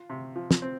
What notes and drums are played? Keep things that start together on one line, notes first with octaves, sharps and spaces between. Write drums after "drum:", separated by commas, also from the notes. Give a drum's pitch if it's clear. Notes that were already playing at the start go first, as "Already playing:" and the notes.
Already playing: F4
C3
F3
drum: snare
C4